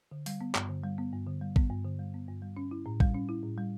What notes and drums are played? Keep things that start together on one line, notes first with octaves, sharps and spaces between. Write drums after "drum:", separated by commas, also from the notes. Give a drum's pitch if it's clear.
D3
G3, drum: open hi-hat
B3
G2, drum: clap
D3
G3
B3
G2
D3
G3
B3, drum: kick A1
G2
D3
G3
B3
G2
G3
C#4
E4
A2
G3, drum: kick A1
C#4
E4
A2
G3